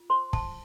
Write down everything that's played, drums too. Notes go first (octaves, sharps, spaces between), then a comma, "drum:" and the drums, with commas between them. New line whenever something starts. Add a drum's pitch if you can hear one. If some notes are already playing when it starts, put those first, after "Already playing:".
Already playing: F4
C5 C6
C5 A5, drum: kick